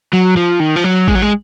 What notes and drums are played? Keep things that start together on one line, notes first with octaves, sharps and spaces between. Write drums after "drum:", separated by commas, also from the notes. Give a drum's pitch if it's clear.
F#3
F3
D#3
F3
F#3
G#3, drum: kick A1
F#3
G#3